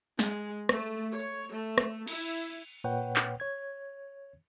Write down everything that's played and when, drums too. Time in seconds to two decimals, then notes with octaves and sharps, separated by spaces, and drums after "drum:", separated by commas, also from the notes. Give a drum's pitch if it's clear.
0.19 G#3, drum: snare
0.69 A3, drum: rim click
1.16 C#5
1.51 A3
1.78 drum: rim click
2.07 E4, drum: cymbal
2.84 A#2 B4 C#5 F#5 G5
3.16 drum: clap
3.40 C#5 G#6